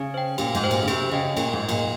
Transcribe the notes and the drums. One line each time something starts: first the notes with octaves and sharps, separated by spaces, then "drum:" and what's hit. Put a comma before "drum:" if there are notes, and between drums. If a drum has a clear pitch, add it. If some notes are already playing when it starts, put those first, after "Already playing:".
Already playing: C#3
C5 G5
A#2 G4, drum: cymbal
G#2, drum: cymbal
C5 G5
A#2, drum: cymbal
C#3
C3 G#4, drum: cymbal
C#3 D#5 G5
A#2 G#4, drum: cymbal
G#2
D#5 G5
A#2, drum: cymbal